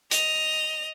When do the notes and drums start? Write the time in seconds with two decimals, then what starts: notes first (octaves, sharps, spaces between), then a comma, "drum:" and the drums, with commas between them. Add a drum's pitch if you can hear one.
0.11 D#5 F7, drum: hi-hat